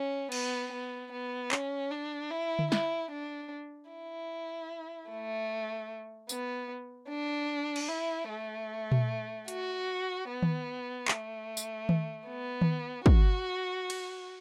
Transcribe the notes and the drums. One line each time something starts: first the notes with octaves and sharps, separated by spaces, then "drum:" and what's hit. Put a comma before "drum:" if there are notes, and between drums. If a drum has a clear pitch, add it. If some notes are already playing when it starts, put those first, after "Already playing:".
Already playing: C#4
B3, drum: cymbal
B3
B3
C#4, drum: clap
D4
E4
drum: tom D3
E4, drum: snare
D4
E4
A3
B3, drum: tambourine
D4
drum: cymbal
E4
A3
drum: tom A#2
F#4, drum: hi-hat
B3
drum: tom D#3
A3, drum: clap
drum: tambourine
drum: tom D#3
B3
drum: tom D#3
F#4, drum: kick
drum: cymbal